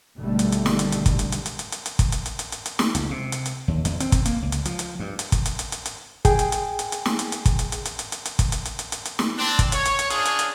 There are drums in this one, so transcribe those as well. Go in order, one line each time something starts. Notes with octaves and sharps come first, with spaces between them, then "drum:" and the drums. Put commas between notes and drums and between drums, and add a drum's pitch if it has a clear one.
G#1 B2 D3 G3 A3
drum: hi-hat
drum: hi-hat
drum: snare
drum: hi-hat
drum: hi-hat
drum: kick, hi-hat
drum: hi-hat
drum: hi-hat
drum: hi-hat
drum: hi-hat
drum: hi-hat
drum: hi-hat
drum: kick, hi-hat
drum: hi-hat
drum: hi-hat
drum: hi-hat
drum: hi-hat
drum: hi-hat
drum: snare
C#2, drum: hi-hat
C3
drum: hi-hat
drum: hi-hat
D#2
E2, drum: hi-hat
C4, drum: hi-hat
drum: kick, hi-hat
A#3, drum: hi-hat
C#2
drum: hi-hat
F3, drum: hi-hat
drum: hi-hat
G2
drum: hi-hat
drum: kick, hi-hat
drum: hi-hat
drum: hi-hat
drum: hi-hat
drum: hi-hat
G#4 G5 G#5, drum: kick, hi-hat
drum: hi-hat
drum: hi-hat
drum: hi-hat
drum: hi-hat
drum: snare
drum: hi-hat
drum: hi-hat
drum: kick, hi-hat
drum: hi-hat
drum: hi-hat
drum: hi-hat
drum: hi-hat
drum: hi-hat
drum: hi-hat
drum: kick, hi-hat
drum: hi-hat
drum: hi-hat
drum: hi-hat
drum: hi-hat
drum: hi-hat
drum: snare
C4 D4
drum: kick, hi-hat
C#5, drum: hi-hat
drum: hi-hat
drum: hi-hat
C#4 D4 F4 G#4, drum: hi-hat
drum: hi-hat
drum: hi-hat